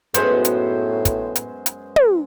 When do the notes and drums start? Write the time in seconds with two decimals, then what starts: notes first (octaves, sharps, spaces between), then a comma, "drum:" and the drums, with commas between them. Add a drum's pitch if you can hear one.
0.14 F#2 A2 G#3 B3 D#4 G#4 C5, drum: hi-hat
0.45 drum: hi-hat
1.05 drum: kick, hi-hat
1.36 drum: hi-hat
1.66 drum: hi-hat
1.96 drum: tom